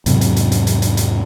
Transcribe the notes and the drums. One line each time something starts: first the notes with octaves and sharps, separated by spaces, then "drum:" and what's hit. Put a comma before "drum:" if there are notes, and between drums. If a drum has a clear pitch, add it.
E2 G#2 C3 F#3, drum: hi-hat
drum: hi-hat
drum: hi-hat
drum: hi-hat
drum: hi-hat
drum: hi-hat
drum: hi-hat